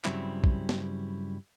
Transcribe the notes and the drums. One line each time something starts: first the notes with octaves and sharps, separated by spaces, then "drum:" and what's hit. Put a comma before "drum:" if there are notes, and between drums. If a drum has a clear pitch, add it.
G2 C#3 F#3 G3 C4 E4, drum: clap
drum: kick
drum: snare